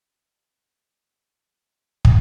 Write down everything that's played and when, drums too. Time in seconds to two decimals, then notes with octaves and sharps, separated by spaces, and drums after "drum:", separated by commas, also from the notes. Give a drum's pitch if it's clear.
0.19 G1 G3
2.05 drum: kick